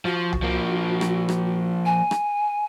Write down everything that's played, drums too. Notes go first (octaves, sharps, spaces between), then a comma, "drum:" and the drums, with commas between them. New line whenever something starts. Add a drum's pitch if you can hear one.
F3 F#4
drum: tom C2
F3 A#3
drum: rim click
drum: rim click
G#5
drum: rim click